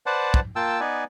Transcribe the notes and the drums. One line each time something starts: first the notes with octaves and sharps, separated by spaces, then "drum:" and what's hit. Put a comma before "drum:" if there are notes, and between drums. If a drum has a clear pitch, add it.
B4 C5 D5 F#5 A5
drum: kick
A#3 F4 G5 A5 E6
B3 D#4 B4 D5 G#5